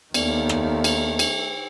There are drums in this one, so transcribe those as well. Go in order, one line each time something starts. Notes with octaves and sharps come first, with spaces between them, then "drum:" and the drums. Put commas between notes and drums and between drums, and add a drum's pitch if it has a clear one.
D#2 D#3 A3 B3 D#4 D5, drum: cymbal
drum: rim click
drum: cymbal
drum: cymbal